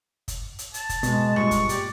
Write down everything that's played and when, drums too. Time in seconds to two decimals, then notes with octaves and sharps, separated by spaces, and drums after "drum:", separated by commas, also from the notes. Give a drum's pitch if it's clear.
0.28 drum: kick, hi-hat
0.59 drum: hi-hat
0.74 A5, drum: hi-hat
0.89 drum: kick, hi-hat
1.03 B2 G#3, drum: hi-hat
1.36 G2 A#2 C#6, drum: rim click
1.51 drum: kick, hi-hat
1.69 G4 D5, drum: hi-hat